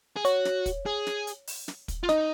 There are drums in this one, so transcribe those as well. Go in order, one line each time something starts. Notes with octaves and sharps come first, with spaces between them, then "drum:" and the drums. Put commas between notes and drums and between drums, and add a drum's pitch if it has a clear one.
G#4
F#4 C#5, drum: hi-hat
drum: snare
drum: kick, hi-hat
G#4
drum: snare
drum: hi-hat
drum: open hi-hat
drum: snare
drum: kick, hi-hat
F4
D#4 D#5, drum: snare